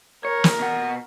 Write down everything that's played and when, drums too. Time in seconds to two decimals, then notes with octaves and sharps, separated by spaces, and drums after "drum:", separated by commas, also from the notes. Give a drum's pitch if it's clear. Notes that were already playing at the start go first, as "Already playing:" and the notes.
0.25 A#4 C#5
0.44 drum: snare
0.60 B2 F#5